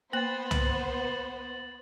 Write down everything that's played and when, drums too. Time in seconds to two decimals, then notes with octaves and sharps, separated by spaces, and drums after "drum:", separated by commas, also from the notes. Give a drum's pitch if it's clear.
0.13 A#3 B3 C5 G5 F#6 A6 F#7
0.51 drum: tom C2